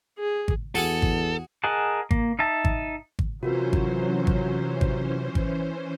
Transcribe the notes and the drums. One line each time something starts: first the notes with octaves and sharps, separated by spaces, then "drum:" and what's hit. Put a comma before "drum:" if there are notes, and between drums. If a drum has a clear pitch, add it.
G#4
drum: kick G#1
E2 F#4 G#4 A4 F#5
drum: kick G#1
G#4 A#4 D#5 F#5 A5
A#3, drum: kick G#1
D#4 E5 A5
drum: kick G#1
drum: kick G#1
C3 E3 F#3 C#4 F4 F#4 A#4 C5
drum: kick G#1
drum: kick G#1
drum: kick G#1
drum: kick G#1